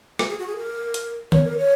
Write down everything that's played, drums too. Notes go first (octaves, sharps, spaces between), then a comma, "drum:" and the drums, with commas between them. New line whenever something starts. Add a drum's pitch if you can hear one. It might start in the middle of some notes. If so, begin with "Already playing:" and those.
F#4, drum: rim click
G#4
F#4
G#4
A#4
drum: hi-hat
C#5, drum: tom D#3
A#4
C#5